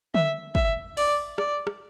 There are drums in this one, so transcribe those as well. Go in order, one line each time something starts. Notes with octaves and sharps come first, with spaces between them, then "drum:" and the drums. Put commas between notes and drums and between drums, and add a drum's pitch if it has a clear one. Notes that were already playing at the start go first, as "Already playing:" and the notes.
E5, drum: tom D3
E5, drum: kick
D5, drum: open hi-hat
D5, drum: rim click
drum: rim click